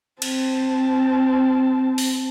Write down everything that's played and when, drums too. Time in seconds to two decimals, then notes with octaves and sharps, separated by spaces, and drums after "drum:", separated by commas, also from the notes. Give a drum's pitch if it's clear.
0.22 C4 A5, drum: cymbal
1.98 drum: open hi-hat